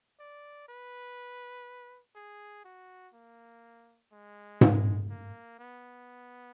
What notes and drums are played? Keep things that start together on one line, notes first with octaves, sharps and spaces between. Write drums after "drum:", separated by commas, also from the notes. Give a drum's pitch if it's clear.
D5
B4
G#4
F#4
A#3
G#3
drum: tom G#2
A#3
B3